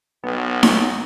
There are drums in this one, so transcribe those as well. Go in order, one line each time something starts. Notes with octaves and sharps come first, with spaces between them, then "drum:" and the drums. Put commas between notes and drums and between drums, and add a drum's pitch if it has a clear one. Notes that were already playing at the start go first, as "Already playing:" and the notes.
B1 B3
drum: snare D#4